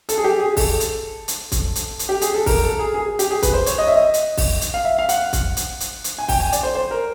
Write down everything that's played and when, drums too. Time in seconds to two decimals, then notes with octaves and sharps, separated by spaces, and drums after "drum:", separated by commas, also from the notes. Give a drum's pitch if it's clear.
0.09 A4, drum: hi-hat
0.18 G#4
0.24 G4
0.40 G#4
0.57 A4, drum: kick, open hi-hat
0.80 drum: hi-hat
1.28 drum: hi-hat
1.52 drum: kick, hi-hat
1.75 drum: hi-hat
1.99 drum: hi-hat
2.09 G4
2.22 G#4, drum: hi-hat
2.35 A4
2.46 A#4, drum: kick, open hi-hat
2.63 A4
2.79 G#4
2.94 G#4
3.19 G4, drum: hi-hat
3.30 G#4
3.42 B4, drum: kick, hi-hat
3.54 C5
3.66 C#5, drum: hi-hat
3.78 D#5
3.87 E5
3.96 D#5
4.14 drum: hi-hat
4.37 drum: kick, open hi-hat
4.61 drum: hi-hat
4.74 F5
4.85 E5
4.99 F5
5.09 F#5, drum: hi-hat
5.33 drum: kick, hi-hat
5.57 drum: hi-hat
5.80 drum: hi-hat
6.04 drum: hi-hat
6.18 G#5
6.28 G5, drum: kick, open hi-hat
6.40 G#5
6.52 D5, drum: hi-hat
6.63 C5
6.75 C5
6.91 A#4